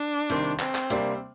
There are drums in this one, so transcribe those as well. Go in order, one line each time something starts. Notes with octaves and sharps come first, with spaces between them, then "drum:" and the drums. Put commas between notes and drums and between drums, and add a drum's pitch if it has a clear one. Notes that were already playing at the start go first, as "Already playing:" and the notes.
Already playing: D4
C3 D#3 G3 C4, drum: hi-hat
C4, drum: clap
drum: clap
C3 G3 A#3 D4, drum: hi-hat